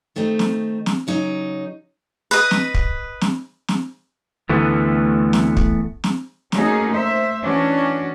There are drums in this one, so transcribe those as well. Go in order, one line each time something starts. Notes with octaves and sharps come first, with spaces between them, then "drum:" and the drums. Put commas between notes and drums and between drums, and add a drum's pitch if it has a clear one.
D#3 A3 C4 D#4
drum: snare
drum: snare
C#3 F#3 D#4
B4 D#5
drum: snare
drum: kick
drum: snare
drum: snare
D2 D3 E3 A3 B3
drum: snare
drum: kick
drum: snare
A3 A#3 C#4 D#4 F#4 G#4, drum: snare
C5 E5
E3 C#4 D4 F#4